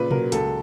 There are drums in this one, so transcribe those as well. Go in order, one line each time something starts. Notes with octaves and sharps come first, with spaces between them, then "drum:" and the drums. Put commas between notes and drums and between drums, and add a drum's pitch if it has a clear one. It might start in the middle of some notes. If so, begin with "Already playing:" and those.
Already playing: A#2 C#3 B4
F#3 A#4, drum: tom B2
C#2 A4, drum: hi-hat